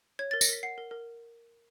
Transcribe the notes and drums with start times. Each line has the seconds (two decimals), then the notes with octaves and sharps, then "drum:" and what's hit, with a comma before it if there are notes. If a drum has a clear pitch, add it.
0.19 C#5 G#6
0.31 A#4 A6
0.41 A#6, drum: tambourine
0.49 A#4 B6
0.63 F#5 C7
0.78 A#4
0.91 A#4